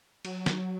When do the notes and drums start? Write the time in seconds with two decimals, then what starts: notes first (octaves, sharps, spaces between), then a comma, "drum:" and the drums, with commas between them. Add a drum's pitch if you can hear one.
0.25 F#3, drum: cymbal
0.46 drum: snare